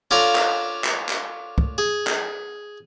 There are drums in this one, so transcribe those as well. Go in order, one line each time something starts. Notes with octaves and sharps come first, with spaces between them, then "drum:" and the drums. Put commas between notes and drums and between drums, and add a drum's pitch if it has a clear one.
C#4 D4 F4 A4 F5 A#5
drum: clap
drum: clap
drum: clap
drum: kick
G#4
drum: clap